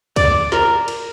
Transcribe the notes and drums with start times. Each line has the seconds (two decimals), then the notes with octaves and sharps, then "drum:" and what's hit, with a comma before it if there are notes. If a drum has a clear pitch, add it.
0.16 D5, drum: kick, cymbal
0.52 A#4, drum: snare
0.88 drum: cymbal